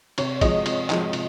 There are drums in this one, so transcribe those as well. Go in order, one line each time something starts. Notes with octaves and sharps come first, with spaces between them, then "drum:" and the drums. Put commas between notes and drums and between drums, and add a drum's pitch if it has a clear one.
C3 C#5, drum: cymbal
F3 G#3 D#5, drum: kick, cymbal
C3, drum: cymbal
F3 G#3, drum: clap
C3, drum: cymbal